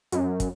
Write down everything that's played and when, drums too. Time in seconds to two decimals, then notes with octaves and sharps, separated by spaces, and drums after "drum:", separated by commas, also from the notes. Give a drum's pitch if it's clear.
0.12 F#2, drum: hi-hat
0.40 drum: kick, hi-hat